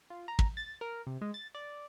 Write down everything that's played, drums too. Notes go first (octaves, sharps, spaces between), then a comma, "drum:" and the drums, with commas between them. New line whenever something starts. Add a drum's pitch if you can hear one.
F4
A#5
drum: kick
A6
A#4
C3
G#3
A6
D5